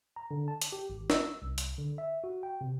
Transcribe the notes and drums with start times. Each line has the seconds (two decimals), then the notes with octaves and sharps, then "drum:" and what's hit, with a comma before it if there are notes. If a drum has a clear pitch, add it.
0.16 A#5
0.31 D3
0.48 A5
0.62 drum: hi-hat
0.72 G4
0.90 G#1
1.10 E6, drum: snare
1.42 C2
1.58 drum: hi-hat
1.78 D3
1.98 E5
2.24 F#4
2.43 G5
2.61 C3